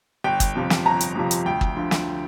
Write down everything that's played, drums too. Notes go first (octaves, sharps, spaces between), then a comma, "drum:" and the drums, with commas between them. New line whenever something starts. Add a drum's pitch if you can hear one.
G1 G5
drum: kick, hi-hat
F2 C3 F3
drum: snare
G1 A#5
drum: hi-hat
F2 C3 F3
drum: hi-hat
D2 G5
drum: kick
D3 F3
drum: snare